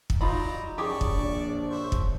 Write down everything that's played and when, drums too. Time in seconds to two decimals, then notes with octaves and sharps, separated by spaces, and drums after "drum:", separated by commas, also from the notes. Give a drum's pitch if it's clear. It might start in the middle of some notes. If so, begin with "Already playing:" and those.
0.10 drum: kick
0.21 F#3 G3 D#4 F4 A#5 B5
0.78 F#2 G4 G#4 D5 A5 C#6
1.01 drum: kick
1.15 A#1 D4 C#5
1.70 C5 E5 C#6
1.92 drum: kick